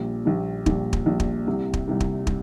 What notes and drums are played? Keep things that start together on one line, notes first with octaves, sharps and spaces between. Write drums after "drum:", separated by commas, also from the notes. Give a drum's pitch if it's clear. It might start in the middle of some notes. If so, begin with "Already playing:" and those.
Already playing: A#1 A#2 G3
A#1 A#2 G3
A#1 A#2 G3, drum: kick
drum: kick
A#1 A#2 G3
drum: kick
C2 C3 G3
drum: kick
C2 C3 G3
drum: kick
G3, drum: kick